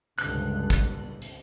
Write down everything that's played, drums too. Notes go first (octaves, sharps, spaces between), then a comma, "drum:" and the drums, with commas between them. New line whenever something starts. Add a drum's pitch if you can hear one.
C#2 G2 D3 F#6, drum: hi-hat
drum: kick, hi-hat
drum: hi-hat